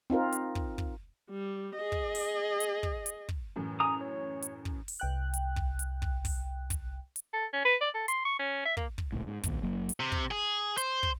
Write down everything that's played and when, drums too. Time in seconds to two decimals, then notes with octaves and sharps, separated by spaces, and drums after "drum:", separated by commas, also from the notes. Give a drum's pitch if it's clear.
0.10 C4 D#4 F4 A#4
0.32 drum: hi-hat
0.55 drum: kick
0.78 drum: kick
1.30 G3
1.76 G#4 D#5
1.92 drum: kick
2.15 drum: open hi-hat
2.60 drum: hi-hat
2.83 drum: kick
3.06 drum: hi-hat
3.29 drum: kick
3.56 F#2 A2 E3
3.80 G#5 A#5 D#6
4.01 C#5
4.42 drum: hi-hat
4.65 drum: kick
4.88 drum: open hi-hat
5.00 C2 G5 F#6
5.34 drum: hi-hat
5.56 drum: kick
5.79 drum: hi-hat
6.02 drum: kick
6.25 drum: kick, open hi-hat
6.70 drum: kick, hi-hat
7.16 drum: hi-hat
7.33 A4
7.53 C#4
7.65 B4
7.81 D5
7.95 A4
8.08 C6, drum: hi-hat
8.25 C#6
8.39 C#4
8.65 E5
8.77 A#3, drum: kick
8.98 drum: kick
9.13 D#1 C#2 A2
9.27 G#2
9.43 A#1 D#2, drum: kick, hi-hat
9.63 F#1 F#3 A#3
9.89 drum: hi-hat
10.00 C3
10.12 drum: kick
10.31 G#4
10.77 C5, drum: hi-hat
11.03 drum: kick